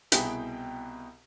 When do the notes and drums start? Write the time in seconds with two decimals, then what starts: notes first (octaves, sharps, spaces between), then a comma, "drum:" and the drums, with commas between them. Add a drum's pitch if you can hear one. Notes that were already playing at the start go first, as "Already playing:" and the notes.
0.12 C2 B2 E4 G#4 G5 B6, drum: hi-hat